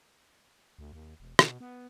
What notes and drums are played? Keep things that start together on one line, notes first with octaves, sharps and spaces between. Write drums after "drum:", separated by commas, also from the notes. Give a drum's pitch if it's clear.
D2
D#2
E1
B2, drum: rim click
B3